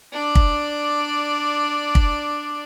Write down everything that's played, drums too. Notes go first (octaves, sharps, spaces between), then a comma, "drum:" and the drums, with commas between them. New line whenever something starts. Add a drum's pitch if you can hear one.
D4 D5
drum: kick
drum: kick